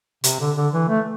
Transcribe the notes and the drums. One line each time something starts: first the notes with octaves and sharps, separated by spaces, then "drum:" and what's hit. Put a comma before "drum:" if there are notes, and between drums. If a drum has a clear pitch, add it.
C3, drum: hi-hat
D3
D3
E3
A3